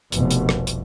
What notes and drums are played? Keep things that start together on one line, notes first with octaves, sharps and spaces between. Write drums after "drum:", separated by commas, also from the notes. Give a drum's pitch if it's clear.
F1 C2 B2, drum: hi-hat
drum: hi-hat
drum: rim click
drum: hi-hat